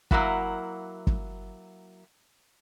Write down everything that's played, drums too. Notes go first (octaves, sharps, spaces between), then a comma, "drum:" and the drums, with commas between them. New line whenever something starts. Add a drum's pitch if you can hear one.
F#3 A#3 E4 F#4, drum: kick
drum: kick